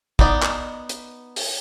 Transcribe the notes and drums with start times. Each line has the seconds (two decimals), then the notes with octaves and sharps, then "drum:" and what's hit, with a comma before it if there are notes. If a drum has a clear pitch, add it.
0.19 B3 D#4 D5, drum: kick
0.42 drum: clap
0.89 drum: hi-hat
1.36 drum: open hi-hat